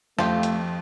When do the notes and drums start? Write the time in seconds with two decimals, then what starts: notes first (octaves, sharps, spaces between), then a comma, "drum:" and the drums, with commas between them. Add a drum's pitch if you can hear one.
0.19 F2 F3 A3 G4 F5, drum: snare
0.43 drum: hi-hat